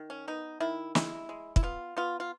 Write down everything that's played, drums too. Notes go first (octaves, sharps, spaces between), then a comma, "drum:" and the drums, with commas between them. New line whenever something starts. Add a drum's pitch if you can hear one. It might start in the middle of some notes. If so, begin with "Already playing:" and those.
Already playing: D#3
C#4
B3 D#4
D#3 E4
G#3 E4, drum: snare
G#3
E4, drum: kick
B3 F4
B3 F4
F4